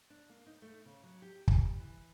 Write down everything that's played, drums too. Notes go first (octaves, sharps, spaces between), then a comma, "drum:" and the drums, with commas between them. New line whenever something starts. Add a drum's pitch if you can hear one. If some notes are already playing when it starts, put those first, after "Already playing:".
D4
A#3
D#4
A3
C#3
F#3
G4
G3, drum: kick
E3